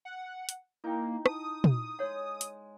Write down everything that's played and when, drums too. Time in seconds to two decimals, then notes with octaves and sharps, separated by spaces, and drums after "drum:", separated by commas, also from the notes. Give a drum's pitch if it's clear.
0.05 F#5
0.49 drum: hi-hat
0.84 A#3 D#4 E4 G5
1.26 A5 D#6, drum: rim click
1.64 drum: tom
1.99 G#3 G#4 C#5 F#5
2.41 drum: hi-hat